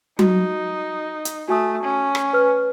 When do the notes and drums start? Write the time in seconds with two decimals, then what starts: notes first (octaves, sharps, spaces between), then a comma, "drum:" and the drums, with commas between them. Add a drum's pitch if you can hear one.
0.19 D#4 F#4, drum: tom F#3
1.25 drum: hi-hat
1.48 A3 F#4 G#5 D#6
1.83 C#4
2.15 drum: rim click
2.33 B4 F6